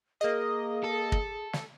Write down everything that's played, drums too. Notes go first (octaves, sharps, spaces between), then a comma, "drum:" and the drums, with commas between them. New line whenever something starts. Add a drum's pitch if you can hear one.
A#3 G#4 D#5
A4
drum: kick
drum: snare